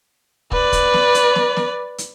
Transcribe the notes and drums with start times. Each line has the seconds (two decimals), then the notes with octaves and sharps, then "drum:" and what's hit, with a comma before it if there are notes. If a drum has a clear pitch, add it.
0.52 B4 D5, drum: kick
0.73 drum: kick, hi-hat
0.93 drum: snare
1.14 drum: hi-hat
1.35 drum: snare
1.56 drum: snare
1.98 drum: hi-hat